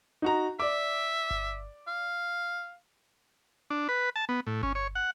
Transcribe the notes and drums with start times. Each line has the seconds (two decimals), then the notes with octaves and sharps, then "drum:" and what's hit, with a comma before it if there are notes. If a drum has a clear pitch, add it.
0.22 D#4 F#4 A#5
0.60 D5 E5 D6
1.31 drum: kick G1
1.87 F5
3.70 D4
3.89 B4
4.16 A5
4.29 B3
4.47 A2
4.63 C#4, drum: kick G1
4.75 C#5
4.95 F#5